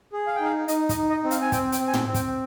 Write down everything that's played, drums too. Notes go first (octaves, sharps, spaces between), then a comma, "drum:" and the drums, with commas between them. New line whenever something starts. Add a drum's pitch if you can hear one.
G#4
F5
G5
D#4 F5
D#4 D#5, drum: hi-hat
D#5, drum: kick, hi-hat
D#4
D#5
C4
F5, drum: hi-hat
G#5
C4 G5, drum: kick, hi-hat
G5, drum: hi-hat
C4
G#5
G5, drum: tom
C4
G5, drum: kick, hi-hat